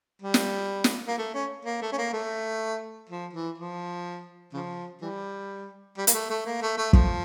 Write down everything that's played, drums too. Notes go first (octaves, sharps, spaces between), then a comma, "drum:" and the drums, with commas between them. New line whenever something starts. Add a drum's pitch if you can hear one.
G3
drum: snare
drum: snare
A#3
A3
C#4
A#3
A3
C#4
A#3
A3
F3
E3
F3
C#3 F3
E3 G3
G3
A#3, drum: hi-hat
A3
A3
A#3
A3
A3
F3, drum: kick